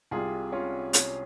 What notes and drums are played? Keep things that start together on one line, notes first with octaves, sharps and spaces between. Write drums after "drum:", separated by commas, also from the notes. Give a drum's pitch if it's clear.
C2 C3 G3 F4 G#4
C#4 F4
C#4, drum: hi-hat